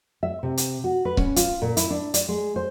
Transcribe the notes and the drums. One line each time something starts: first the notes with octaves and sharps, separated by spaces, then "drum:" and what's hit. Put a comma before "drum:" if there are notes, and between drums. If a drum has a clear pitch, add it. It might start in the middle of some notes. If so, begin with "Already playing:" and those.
E5
C3
drum: hi-hat
F#4
B4
C#4, drum: kick C#1
F4, drum: hi-hat
A#2
E4, drum: hi-hat
D4
D5, drum: hi-hat
G#3
C5